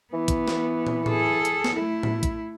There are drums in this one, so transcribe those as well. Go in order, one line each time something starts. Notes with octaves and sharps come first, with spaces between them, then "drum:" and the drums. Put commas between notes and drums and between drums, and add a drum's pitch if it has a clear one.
E3 B3
drum: kick, hi-hat
drum: snare
drum: tom
G#4 A4, drum: tom A2
drum: hi-hat
drum: snare
A3 E4
drum: tom A2
drum: kick, hi-hat